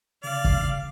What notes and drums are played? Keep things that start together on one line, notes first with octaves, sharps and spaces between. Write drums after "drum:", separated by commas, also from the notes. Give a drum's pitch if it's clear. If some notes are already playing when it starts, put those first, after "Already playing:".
C#3 D5 F5
drum: kick